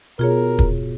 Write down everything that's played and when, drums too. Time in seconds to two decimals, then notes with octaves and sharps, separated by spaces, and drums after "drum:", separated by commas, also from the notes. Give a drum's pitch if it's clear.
0.19 B2 F4 G#4 A#4 C#5
0.59 drum: kick